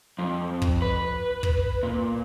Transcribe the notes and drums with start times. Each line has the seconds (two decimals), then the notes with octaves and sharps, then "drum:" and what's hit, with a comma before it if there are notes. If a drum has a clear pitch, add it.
0.19 F2
0.62 drum: kick
0.82 B4
1.43 drum: kick
1.83 A#2